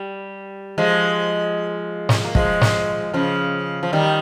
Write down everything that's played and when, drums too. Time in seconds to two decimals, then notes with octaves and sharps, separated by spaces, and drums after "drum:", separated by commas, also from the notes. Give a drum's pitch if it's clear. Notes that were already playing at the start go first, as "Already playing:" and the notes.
Already playing: G3
0.78 F3 G#3
2.09 drum: snare
2.25 A#3
2.35 F3 G#3, drum: kick
2.61 drum: snare
3.14 C#3 F3
3.83 F3
3.93 D#3 G3